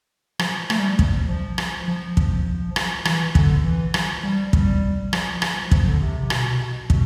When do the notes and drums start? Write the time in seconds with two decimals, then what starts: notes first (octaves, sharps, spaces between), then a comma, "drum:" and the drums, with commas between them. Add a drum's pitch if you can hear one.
0.39 F3, drum: rim click
0.70 A3, drum: rim click
0.79 G3
0.89 F3
0.99 drum: kick
1.28 F3
1.58 drum: rim click
1.88 F3
2.17 drum: kick
2.76 drum: rim click
3.05 E3, drum: rim click
3.35 D3, drum: kick
3.64 E3
3.94 F3, drum: rim click
4.23 G3
4.53 G3, drum: kick
5.13 F3, drum: rim click
5.42 drum: rim click
5.71 F3, drum: kick
5.86 D3
6.01 C3
6.20 C3
6.30 B2, drum: rim click
6.90 B2, drum: kick